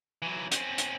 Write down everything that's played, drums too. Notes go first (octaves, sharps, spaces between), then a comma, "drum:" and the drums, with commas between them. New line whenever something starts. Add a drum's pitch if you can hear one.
E3 F#3
C4 C#4, drum: hi-hat
drum: hi-hat